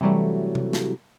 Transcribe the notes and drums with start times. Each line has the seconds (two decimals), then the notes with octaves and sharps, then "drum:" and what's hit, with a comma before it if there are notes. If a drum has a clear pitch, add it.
0.01 C3 E3 F#3 G3 A3
0.55 drum: tom C3
0.73 drum: snare